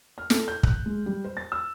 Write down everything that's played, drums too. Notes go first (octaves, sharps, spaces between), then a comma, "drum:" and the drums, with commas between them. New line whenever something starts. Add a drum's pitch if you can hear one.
F6
A4, drum: snare
G6
F#6, drum: kick
G#3
G3
C5
A6
E6